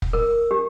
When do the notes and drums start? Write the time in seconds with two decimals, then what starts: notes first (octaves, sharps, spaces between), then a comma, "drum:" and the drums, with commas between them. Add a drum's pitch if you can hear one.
0.02 drum: kick
0.13 A#4
0.51 G4